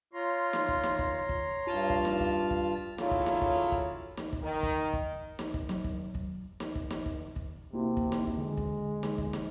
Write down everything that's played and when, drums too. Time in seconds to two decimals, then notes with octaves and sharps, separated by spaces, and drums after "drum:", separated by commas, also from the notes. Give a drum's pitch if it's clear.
0.13 F4 C#5 A#5 C6
0.53 drum: snare
0.68 drum: kick
0.84 drum: snare
0.99 drum: kick
1.29 drum: kick
1.67 G2 F4 A5
1.90 drum: kick
2.05 drum: snare
2.20 drum: kick
2.50 drum: kick
2.98 C#3 F#3 A3 E4 F4, drum: snare
3.11 drum: kick
3.26 drum: snare
3.42 drum: kick
3.72 drum: kick
4.17 drum: snare
4.33 drum: kick
4.42 D#3
4.63 drum: kick
4.93 drum: kick
5.39 drum: snare
5.54 drum: kick
5.69 F#3, drum: snare
5.84 drum: kick
6.15 drum: kick
6.60 drum: snare
6.75 drum: kick
6.90 drum: snare
7.06 drum: kick
7.36 drum: kick
7.73 C3 A#3 E4 F#4
7.97 drum: kick
8.12 drum: snare
8.27 drum: kick
8.38 D3 G#3
8.57 drum: kick
9.03 drum: snare
9.18 drum: kick
9.33 drum: snare